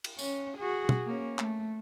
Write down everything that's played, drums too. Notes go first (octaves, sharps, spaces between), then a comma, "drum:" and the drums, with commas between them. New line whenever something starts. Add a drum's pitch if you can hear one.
drum: cymbal
C#4, drum: tambourine
F#4 G#4
drum: tom
A#3 C#4
A3, drum: clap